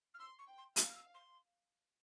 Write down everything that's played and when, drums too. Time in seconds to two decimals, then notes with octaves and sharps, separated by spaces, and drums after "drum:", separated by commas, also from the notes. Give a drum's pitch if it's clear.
0.14 F6
0.19 C6 E6
0.38 C#6
0.47 G5
0.57 C6
0.76 F5 C6, drum: hi-hat
0.89 F6
0.95 E6
1.14 C6